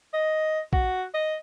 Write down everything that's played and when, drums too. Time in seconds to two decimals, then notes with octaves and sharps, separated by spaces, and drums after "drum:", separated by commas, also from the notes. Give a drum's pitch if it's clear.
0.14 D#5
0.73 F#4, drum: kick A#1
1.14 D#5